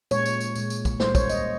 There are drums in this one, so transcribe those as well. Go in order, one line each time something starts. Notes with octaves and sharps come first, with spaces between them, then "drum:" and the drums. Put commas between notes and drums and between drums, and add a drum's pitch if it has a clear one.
A#2 G#3 C#5, drum: tambourine
drum: tambourine
drum: tambourine
A#2 G#3, drum: tambourine
drum: tambourine
drum: kick, tambourine
A#2 G3 A#3 C5, drum: snare
C#5, drum: kick, tambourine
D#5, drum: tambourine